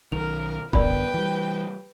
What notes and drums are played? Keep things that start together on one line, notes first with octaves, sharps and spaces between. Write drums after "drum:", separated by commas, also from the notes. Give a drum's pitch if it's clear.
B1 D#3 A#4 F7
F#2 D3 B3 A#4 B4 D5 G5 B5, drum: kick
E3 G3